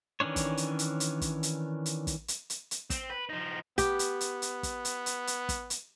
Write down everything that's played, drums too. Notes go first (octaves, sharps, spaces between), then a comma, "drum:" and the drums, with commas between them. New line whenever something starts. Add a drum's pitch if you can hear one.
D#3 E3 C#4 D4 C#5
drum: kick, hi-hat
drum: hi-hat
drum: hi-hat
drum: hi-hat
drum: kick, hi-hat
drum: hi-hat
drum: hi-hat
drum: kick, hi-hat
drum: hi-hat
drum: hi-hat
drum: hi-hat
C4, drum: kick, hi-hat
B4
F3 D#4
B3 G4, drum: kick, hi-hat
drum: hi-hat
drum: hi-hat
drum: hi-hat
drum: kick, hi-hat
drum: hi-hat
drum: hi-hat
drum: hi-hat
drum: kick, hi-hat
drum: hi-hat